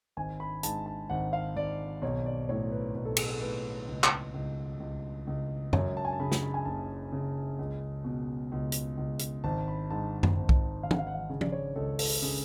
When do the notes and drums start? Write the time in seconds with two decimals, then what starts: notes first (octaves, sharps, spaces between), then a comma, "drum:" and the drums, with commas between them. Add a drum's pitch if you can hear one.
0.17 G#1 G#5
0.40 B5
0.63 G#2 A5, drum: hi-hat
0.86 A5
1.10 G#1 F#5
1.33 F5
1.56 G#1 D5
2.02 B1 C#5
2.26 D5
2.49 A2 C#5
2.72 B4
2.95 B1 B4
3.05 A4
3.17 G#4, drum: cymbal
3.28 A4
3.41 A2 B4
3.88 C#2
4.04 drum: clap
4.34 C#2
4.80 C#2
5.27 C#2
5.73 F#2 C#5, drum: tom F#2
5.97 A5
6.05 G#5
6.13 A5
6.20 C#3 B5
6.32 drum: snare
6.43 B5
6.54 G#5
6.65 F#1 A5
7.12 C#3
7.59 C#2
8.04 B2
8.52 C#2
8.72 drum: hi-hat
8.97 C#2
9.19 drum: hi-hat
9.44 G#1 A5
9.68 B5
9.90 G#2 A5
10.23 drum: tom F#2
10.37 G#1
10.49 drum: kick B1
10.83 G#1 F5
10.91 F#5, drum: tom E3
10.99 F5
11.07 F#5
11.15 F5
11.30 C#3
11.41 D5, drum: tom
11.52 C#5
11.76 C#2 A4
11.99 A4, drum: open hi-hat
12.22 C#3